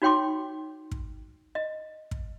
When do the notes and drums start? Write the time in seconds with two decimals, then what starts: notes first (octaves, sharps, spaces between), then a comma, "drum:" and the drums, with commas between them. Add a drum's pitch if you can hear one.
0.02 D#4 F#4 C#5 G5 C6 D6
0.91 drum: kick
1.55 D#5
2.11 drum: kick